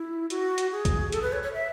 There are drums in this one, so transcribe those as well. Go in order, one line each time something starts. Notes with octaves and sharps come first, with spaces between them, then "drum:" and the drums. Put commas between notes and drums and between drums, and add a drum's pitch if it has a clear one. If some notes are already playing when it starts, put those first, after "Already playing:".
Already playing: E4
F#4, drum: hi-hat
drum: hi-hat
G#4
drum: kick, hi-hat
A4, drum: hi-hat
B4
C#5
C#5
E5